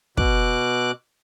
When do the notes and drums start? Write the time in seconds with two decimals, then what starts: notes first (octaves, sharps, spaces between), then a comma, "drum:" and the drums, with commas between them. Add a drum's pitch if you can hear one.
0.17 B2 D6 F#6, drum: kick